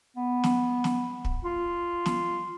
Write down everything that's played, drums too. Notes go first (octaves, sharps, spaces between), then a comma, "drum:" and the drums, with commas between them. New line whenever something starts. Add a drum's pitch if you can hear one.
B3
drum: snare
drum: snare
drum: kick
F4
drum: snare